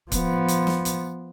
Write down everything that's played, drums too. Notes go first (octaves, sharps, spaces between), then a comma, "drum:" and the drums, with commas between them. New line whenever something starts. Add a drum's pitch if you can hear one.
F3 B3, drum: kick C#1, hi-hat
drum: hi-hat
drum: snare
drum: hi-hat